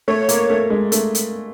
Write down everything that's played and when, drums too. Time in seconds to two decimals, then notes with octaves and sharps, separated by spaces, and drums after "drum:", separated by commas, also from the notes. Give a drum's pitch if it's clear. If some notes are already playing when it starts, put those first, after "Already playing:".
0.08 A3 C#5
0.29 A#3, drum: hi-hat
0.50 A3
0.70 G#3
0.92 A3, drum: hi-hat
1.15 drum: hi-hat